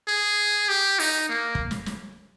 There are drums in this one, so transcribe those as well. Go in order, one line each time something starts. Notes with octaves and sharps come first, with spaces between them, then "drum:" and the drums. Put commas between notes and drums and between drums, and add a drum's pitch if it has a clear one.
G#4
G4
D#4, drum: open hi-hat
A#3
drum: kick
drum: snare
drum: snare